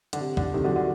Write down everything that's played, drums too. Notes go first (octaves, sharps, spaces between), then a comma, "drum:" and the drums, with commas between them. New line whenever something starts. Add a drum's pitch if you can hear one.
D3, drum: hi-hat
C3
D3, drum: kick
C3 D#3
D3 F#3
D3